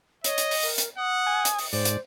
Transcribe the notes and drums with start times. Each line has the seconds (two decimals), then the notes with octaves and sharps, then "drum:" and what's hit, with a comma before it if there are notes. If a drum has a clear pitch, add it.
0.24 C#5 D#5, drum: hi-hat
0.38 drum: hi-hat
0.51 drum: open hi-hat
0.63 A#4, drum: open hi-hat
0.78 drum: hi-hat
0.98 F#5 D#6
1.27 G#5
1.45 drum: hi-hat
1.59 drum: open hi-hat
1.73 G#2 C5 D5, drum: open hi-hat
1.85 drum: hi-hat